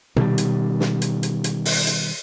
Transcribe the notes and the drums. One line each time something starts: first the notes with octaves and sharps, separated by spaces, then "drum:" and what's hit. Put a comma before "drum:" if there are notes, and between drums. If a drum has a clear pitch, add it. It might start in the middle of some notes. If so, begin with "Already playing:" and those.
B2 D#3 G3, drum: tom C3
drum: hi-hat
drum: snare
drum: hi-hat
drum: hi-hat
drum: hi-hat
drum: open hi-hat
drum: hi-hat